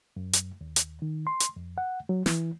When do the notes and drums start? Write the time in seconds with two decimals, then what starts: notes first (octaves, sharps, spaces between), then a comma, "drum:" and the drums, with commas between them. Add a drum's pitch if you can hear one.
0.16 F#2
0.33 drum: hi-hat
0.61 D#2
0.76 drum: hi-hat
1.02 D#3
1.27 C6
1.40 drum: hi-hat
1.56 F2
1.78 F#5
2.09 F#3
2.26 E3, drum: snare